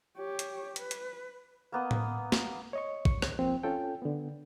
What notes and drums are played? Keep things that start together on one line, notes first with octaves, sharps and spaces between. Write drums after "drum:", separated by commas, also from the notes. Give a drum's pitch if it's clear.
G4 C#5
drum: hi-hat
B4, drum: hi-hat
drum: hi-hat
A#3 B3 D#5
drum: tom A2
drum: snare
C#5 D#5 C#6
C#6, drum: kick
drum: rim click
F3 A#3 C4
C#4 F4 A4 G5
D3 B3